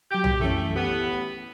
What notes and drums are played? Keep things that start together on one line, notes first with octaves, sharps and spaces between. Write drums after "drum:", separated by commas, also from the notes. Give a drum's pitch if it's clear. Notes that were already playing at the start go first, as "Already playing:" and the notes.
F#3 G4 G6
drum: tom
F#2 E3 A3 C#4
A2 B3 G4